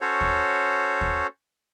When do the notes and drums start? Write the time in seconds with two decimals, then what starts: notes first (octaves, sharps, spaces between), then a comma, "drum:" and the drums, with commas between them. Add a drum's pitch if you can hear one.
0.01 C#4 F#4 A4 C5 C#5
0.21 drum: kick D#2
1.01 drum: kick D#2